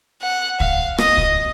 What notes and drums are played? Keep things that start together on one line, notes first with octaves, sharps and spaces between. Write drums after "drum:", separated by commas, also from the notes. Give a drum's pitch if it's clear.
F#5
F5, drum: kick
D#5, drum: rim click
drum: kick